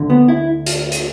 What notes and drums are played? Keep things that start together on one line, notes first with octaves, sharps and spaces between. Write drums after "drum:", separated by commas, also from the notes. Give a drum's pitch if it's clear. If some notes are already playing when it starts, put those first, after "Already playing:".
Already playing: D2 D3
B3
E4
drum: hi-hat
drum: hi-hat